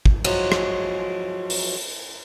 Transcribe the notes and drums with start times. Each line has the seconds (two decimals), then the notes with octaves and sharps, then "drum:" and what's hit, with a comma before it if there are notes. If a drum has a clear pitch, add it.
0.06 drum: kick
0.25 F3 F#3 G#3, drum: cymbal
0.52 drum: rim click
1.50 drum: open hi-hat